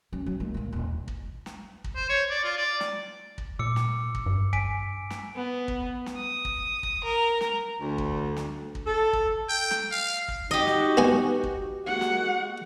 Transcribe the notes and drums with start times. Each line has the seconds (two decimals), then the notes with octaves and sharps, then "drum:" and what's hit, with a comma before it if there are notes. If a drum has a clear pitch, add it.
0.12 F#3 C#4
0.26 F#3
0.40 G#3 A#3
0.54 A#1 A#3
0.72 D#1 D4
1.08 drum: kick
1.46 drum: snare
1.84 drum: kick
1.96 C5
2.09 C#5
2.30 D5
2.44 F4
2.57 D5
2.80 drum: snare
3.38 drum: kick
3.59 A#2 D6 E6 C#7
3.76 drum: snare
4.15 drum: kick
4.26 G2
4.53 G#5 B6 D7, drum: kick
5.10 drum: snare
5.35 B3
5.68 drum: kick
6.06 drum: snare
6.17 D#6
6.45 drum: kick
6.83 drum: kick
7.04 A#4
7.41 drum: snare
7.81 D2
7.98 drum: kick
8.37 drum: snare
8.75 drum: kick
8.87 A4
9.13 drum: kick
9.49 G5
9.71 drum: snare
9.91 F5
10.28 drum: kick
10.51 D#4 F#4 G4 D#5
10.67 drum: snare
10.97 B3 G#5
11.43 drum: kick
11.86 G#3 A#3 F#4 F#5
12.01 drum: snare